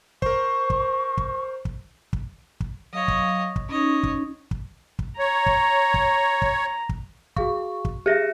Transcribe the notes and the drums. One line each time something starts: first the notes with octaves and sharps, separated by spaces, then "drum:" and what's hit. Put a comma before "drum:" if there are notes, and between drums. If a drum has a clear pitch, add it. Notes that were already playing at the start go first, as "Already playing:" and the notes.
A#4 C5 C#6, drum: kick
drum: kick
drum: kick
drum: kick
drum: kick
drum: kick
F#3 C#5 D#5 F5
drum: kick
drum: kick
C#4 D#4 C#5 D#5
drum: kick
drum: kick
drum: kick
C#5 A#5
drum: kick
drum: kick
drum: kick
drum: kick
F#4 G#4 F5 C#6, drum: kick
drum: kick
G4 G#4 E5 A#6 C#7